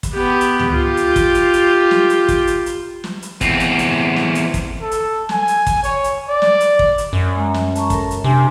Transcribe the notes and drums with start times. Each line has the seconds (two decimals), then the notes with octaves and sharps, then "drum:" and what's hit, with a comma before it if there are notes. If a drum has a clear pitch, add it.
0.03 drum: kick, hi-hat
0.14 B3 G4
0.41 drum: hi-hat
0.59 drum: tom C#2
0.71 F4 G4
0.97 drum: hi-hat
1.16 drum: kick, hi-hat
1.35 drum: hi-hat
1.53 drum: hi-hat
1.91 drum: snare
2.10 drum: hi-hat
2.29 drum: kick, hi-hat
2.47 drum: hi-hat
2.66 drum: hi-hat
3.04 drum: snare
3.22 drum: hi-hat
3.41 E2 C4, drum: kick, hi-hat
3.60 drum: hi-hat
3.79 drum: hi-hat
4.16 drum: snare
4.35 drum: hi-hat
4.54 drum: kick, hi-hat
4.81 A4
4.91 drum: hi-hat
5.29 G#5, drum: snare
5.48 drum: hi-hat
5.67 drum: kick, hi-hat
5.83 C#5, drum: hi-hat
6.04 drum: hi-hat
6.28 D5
6.42 drum: snare
6.60 drum: hi-hat
6.79 drum: kick
6.98 drum: hi-hat
7.13 F#2
7.36 G#3 C#4 A#5
7.54 drum: snare
7.75 A5 A#5 C#6, drum: hi-hat
7.90 A4 A#4, drum: kick, hi-hat
8.11 drum: hi-hat
8.24 C3 D4 G#5 C6